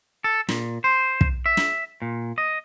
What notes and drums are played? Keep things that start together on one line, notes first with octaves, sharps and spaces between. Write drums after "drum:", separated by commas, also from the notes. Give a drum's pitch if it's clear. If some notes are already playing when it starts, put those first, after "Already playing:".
A4
A#2, drum: snare
C5
drum: kick
E5
drum: snare
A#2
D#5